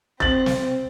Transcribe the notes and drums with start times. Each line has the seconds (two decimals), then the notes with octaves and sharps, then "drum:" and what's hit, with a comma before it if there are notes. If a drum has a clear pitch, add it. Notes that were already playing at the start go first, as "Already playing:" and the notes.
0.20 C4 A6 F#7, drum: kick
0.46 drum: snare